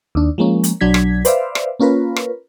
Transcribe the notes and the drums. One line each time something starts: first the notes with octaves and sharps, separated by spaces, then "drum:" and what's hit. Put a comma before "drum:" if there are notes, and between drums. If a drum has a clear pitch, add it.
D#2 D4
F3 G#3 A#3 C#4
drum: hi-hat
B1 F#3 D4 G#6 B6
drum: rim click
B4 C5 D5 E5 F5, drum: hi-hat
drum: rim click
A#3 C#4 F4 A#4 B4
drum: rim click